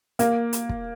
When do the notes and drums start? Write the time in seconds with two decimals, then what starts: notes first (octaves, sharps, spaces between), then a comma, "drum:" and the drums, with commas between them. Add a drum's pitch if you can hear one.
0.19 A#3, drum: hi-hat
0.53 drum: hi-hat
0.69 drum: kick